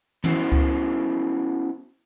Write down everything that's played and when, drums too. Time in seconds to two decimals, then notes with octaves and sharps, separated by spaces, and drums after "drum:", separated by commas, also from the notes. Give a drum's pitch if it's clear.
0.24 B3 C#4 E4 F#4 C5, drum: tom
0.52 drum: kick C#2